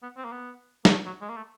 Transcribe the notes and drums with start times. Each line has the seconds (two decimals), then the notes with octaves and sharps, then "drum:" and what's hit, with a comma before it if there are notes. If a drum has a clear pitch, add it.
0.03 B3
0.17 C4
0.25 A#3
0.32 B3
0.85 A#3, drum: snare
0.91 A3
1.06 F#3
1.21 G#3
1.29 A#3
1.37 A3